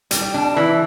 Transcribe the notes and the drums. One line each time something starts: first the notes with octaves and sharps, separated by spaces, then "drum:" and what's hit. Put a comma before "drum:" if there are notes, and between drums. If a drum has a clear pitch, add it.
G3, drum: hi-hat
D4
E3